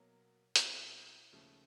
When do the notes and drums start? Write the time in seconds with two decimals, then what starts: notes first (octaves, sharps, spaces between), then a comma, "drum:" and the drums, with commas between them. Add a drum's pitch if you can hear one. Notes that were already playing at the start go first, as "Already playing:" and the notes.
Already playing: B2 F#3 A#3
0.56 B2 G3 C4 E4, drum: hi-hat
1.32 D#2 C#3 F3 A3